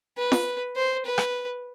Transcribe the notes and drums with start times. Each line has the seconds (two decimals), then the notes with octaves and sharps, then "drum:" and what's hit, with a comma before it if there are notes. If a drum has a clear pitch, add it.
0.18 B4
0.32 drum: snare
0.76 C5
1.06 B4
1.18 drum: rim click